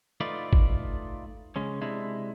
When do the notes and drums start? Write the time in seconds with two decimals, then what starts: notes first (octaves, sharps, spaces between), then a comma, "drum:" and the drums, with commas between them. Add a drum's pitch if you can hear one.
0.20 A3 D#4 F4 B4 D5
0.53 drum: kick
1.56 C#3 G#3 C#4
1.81 C3 G#3 D4 E4